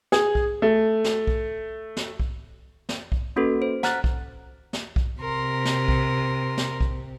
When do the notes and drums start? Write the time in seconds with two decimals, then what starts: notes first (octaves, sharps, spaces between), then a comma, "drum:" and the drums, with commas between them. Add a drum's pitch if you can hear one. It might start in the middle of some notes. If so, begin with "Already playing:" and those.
0.12 G#4, drum: snare
0.35 drum: kick B1
0.62 A3
1.04 drum: snare
1.27 drum: kick B1
1.97 drum: snare
2.20 drum: kick B1
2.89 drum: snare
3.12 drum: kick B1
3.36 A#3 C#4 F#4 A4 B4
3.62 C5
3.83 F#5 A#5 F6 F#6 A6, drum: snare
4.04 drum: kick B1
4.73 drum: snare
4.96 drum: kick B1
5.21 C3 A#4 C6
5.65 drum: snare
5.88 drum: kick B1
6.57 drum: snare
6.81 drum: kick B1